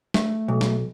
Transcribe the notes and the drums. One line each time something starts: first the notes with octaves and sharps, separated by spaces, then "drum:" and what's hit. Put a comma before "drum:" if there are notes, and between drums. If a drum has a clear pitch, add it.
A3, drum: snare
B1
drum: snare